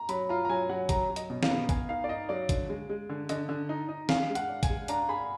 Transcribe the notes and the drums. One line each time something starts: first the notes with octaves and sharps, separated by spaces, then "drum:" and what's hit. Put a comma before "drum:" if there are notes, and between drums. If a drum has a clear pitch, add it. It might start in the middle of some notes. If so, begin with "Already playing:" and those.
Already playing: A#5
F#3 B5, drum: hi-hat
F4 A#5
A#5
F#3 G#5
F#3 F#5
F#3 A#5, drum: kick, hi-hat
F#3
D#5, drum: hi-hat
B2
F5, drum: snare
B3
B3 G#5, drum: kick, hi-hat
D#4 F5
D5
D#4 D#5
F#3 D5
D3, drum: kick, hi-hat
G#3
G#3
D3
D3 D#5, drum: hi-hat
D3
D#4
D#4
G#4 F5, drum: snare
G#3
F#5, drum: hi-hat
D4
G#5, drum: kick, hi-hat
G#3
D4 A#5, drum: hi-hat
G#4 B5